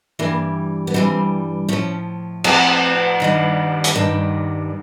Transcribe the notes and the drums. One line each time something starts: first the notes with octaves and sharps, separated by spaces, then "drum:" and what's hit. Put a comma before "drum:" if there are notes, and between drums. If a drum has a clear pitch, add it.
G2 E3 G3 A#3
B3
G2 E3 G3 C4
A2 F3 C#4
A2 F3 C4, drum: cymbal
G2 D#3 G3
drum: hi-hat
G2 D#3 G3 D4